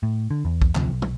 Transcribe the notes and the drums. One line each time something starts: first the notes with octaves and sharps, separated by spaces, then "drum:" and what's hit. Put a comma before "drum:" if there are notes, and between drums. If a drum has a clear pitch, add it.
A2
D3
E2
drum: kick B1
A1 D2 C3 F3, drum: clap
B1
drum: tom